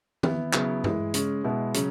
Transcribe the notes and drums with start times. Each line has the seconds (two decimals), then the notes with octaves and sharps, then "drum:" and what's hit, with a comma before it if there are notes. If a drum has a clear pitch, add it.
0.23 E3 B3 E4, drum: tom D#3
0.53 C#3 F#3 B3 E4, drum: clap
0.84 E3 G#3 E4, drum: tom G2
1.14 C#3 G#3 C#4, drum: hi-hat
1.44 B2 G#3 B3 E4
1.74 C#3 F#3 C#4, drum: hi-hat